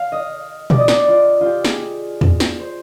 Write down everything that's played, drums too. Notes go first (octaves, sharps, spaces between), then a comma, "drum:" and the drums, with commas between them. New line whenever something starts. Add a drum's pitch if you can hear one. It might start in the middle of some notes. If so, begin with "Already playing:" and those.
Already playing: F5
D#5
D5, drum: tom A#2
D#5
D5, drum: snare
F4
F4 G4
G#4, drum: snare
drum: tom E2
drum: snare
C5